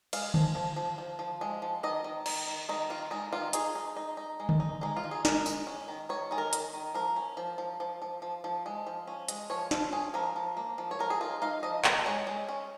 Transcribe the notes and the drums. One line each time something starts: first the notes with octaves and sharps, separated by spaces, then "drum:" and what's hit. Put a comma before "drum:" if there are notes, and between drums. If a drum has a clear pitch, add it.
G#3 F5, drum: cymbal
F3, drum: tom D3
F3
F3
F3
F3
G#3
F3
D#3 D#5
D#3
D#3, drum: cymbal
D#3
D#3 D#4
D#3 F4
G#3 D#4
D#3 F4
D#4 G#4, drum: hi-hat
D#4
D#4
D#4
G#3
drum: tom D3
D#4
G#3 D#4
F4
D#4
G#4
G#3 A#4, drum: snare
G#3, drum: tambourine
C#4
D#3
D#3 C#5
D#3 G#4
A#4
D#3, drum: hi-hat
D#3
F3 A#4
C#4
F3
F3
F3
F3
F3
F3
G#3
F3
C#4
G#3, drum: hi-hat
F3 C#5
F3 F4, drum: snare
C#4 G#4
F3 A#4
F3
A#3
F3
C#5
F3 A#4
G#4
D#4 F4
D#4 F5
F3 D#5
A#3 D#5, drum: clap
G#3 C#5
G#3
C#4